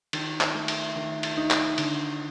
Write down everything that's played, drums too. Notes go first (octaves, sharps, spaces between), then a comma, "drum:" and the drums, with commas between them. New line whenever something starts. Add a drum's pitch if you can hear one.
D#3, drum: cymbal
drum: clap
A3
drum: cymbal
D#3
drum: cymbal
D#4
drum: clap
D3, drum: cymbal